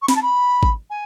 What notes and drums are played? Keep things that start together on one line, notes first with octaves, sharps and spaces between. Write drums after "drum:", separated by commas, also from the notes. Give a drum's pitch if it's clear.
C#6
B5, drum: snare
A5
B5
drum: kick G#1
G#5